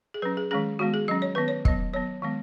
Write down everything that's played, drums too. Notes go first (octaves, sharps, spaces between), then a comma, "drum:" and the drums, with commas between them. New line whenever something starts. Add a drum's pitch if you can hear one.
G#4
F#3 C#4 B4
G#4
D#3 G#3 C#4 G#4
D#3 G#3 B3 F#4
G#4
F#3 C#4 D#5
C#5
D#3 B3 B4
C#5
F#3 B3 D#5, drum: kick
F#3 B3 C#5
D#3 G#3 B3